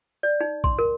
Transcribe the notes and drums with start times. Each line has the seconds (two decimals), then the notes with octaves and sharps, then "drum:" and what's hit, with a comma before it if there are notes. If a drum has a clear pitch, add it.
0.23 D5
0.41 D#4
0.64 C6, drum: kick
0.79 A#4